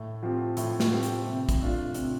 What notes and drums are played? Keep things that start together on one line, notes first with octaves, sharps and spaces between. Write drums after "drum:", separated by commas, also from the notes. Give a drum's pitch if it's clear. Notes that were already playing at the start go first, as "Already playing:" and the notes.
Already playing: A2
F3 C4 G4
A2, drum: hi-hat
drum: snare
F3 C4 G4
drum: hi-hat
C3
drum: kick, hi-hat
A3 D4 F4
C3, drum: hi-hat